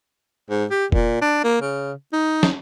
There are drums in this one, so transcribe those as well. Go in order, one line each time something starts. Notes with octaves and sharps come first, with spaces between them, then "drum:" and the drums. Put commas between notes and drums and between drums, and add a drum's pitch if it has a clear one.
G#2
G4
A#2, drum: kick F1
D4
A#3
C#3
D#4
drum: snare